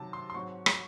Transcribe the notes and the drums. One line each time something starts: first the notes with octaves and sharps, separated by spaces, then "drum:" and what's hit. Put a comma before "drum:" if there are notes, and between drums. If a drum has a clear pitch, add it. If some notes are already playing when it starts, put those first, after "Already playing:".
Already playing: C3 D#3 F#3 A5
C6
C6
G#2 F#3 C4 C#6
drum: rim click